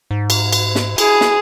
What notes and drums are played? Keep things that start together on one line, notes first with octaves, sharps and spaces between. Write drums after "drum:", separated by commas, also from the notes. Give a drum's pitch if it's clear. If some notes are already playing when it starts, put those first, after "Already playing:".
G#2
drum: cymbal
drum: cymbal
drum: snare
E4 G#4, drum: cymbal
drum: snare